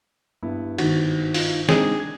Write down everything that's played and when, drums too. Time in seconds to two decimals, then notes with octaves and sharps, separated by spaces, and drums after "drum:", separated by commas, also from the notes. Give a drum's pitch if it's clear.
0.43 G2 B3 E4
0.78 G#1 D#3 F#4, drum: cymbal
1.34 D#4 F4, drum: open hi-hat
1.69 G#3 C4 D4 D#4 G#4 D#7, drum: snare
2.00 G#6